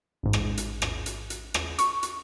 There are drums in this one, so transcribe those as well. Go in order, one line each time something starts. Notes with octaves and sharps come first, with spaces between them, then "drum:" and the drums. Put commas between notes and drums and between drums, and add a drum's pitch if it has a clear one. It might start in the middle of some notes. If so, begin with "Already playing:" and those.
A1 G#2
drum: rim click
drum: hi-hat
drum: rim click
drum: hi-hat
drum: hi-hat
drum: rim click
C#6, drum: hi-hat
drum: hi-hat